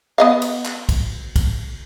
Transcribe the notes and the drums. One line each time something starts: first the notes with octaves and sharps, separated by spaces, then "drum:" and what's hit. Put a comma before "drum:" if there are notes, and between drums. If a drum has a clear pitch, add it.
B3 D#5 F5
drum: cymbal
drum: clap
drum: kick, cymbal
drum: kick, cymbal